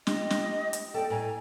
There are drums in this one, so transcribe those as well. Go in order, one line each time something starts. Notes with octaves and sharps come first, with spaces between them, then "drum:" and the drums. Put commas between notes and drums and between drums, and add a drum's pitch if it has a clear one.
G4 D#5, drum: snare
drum: snare
drum: hi-hat
A4 D5 G5
A2 G#5 A#5